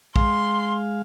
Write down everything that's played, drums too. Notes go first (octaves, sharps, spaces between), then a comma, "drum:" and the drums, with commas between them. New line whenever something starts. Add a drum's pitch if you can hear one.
G#3 F5 C6, drum: kick